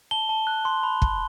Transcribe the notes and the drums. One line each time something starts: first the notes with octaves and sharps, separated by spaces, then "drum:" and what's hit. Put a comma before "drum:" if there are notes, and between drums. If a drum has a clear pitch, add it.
A5 G7
A5
F#6
C6
B5
B5, drum: kick